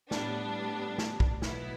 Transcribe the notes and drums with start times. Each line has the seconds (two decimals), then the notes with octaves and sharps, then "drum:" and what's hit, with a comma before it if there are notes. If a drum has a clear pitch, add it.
0.11 A2 G3 B3 D4, drum: snare
0.98 drum: snare
1.20 drum: kick
1.42 B2 F#3 B3 E4, drum: snare